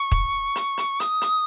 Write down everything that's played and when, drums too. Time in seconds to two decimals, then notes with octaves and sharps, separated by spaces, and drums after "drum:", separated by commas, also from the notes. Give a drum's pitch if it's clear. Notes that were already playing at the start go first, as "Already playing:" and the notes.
Already playing: C#6
0.12 drum: kick
0.55 drum: hi-hat
0.77 drum: hi-hat
1.00 D#6, drum: hi-hat
1.21 drum: hi-hat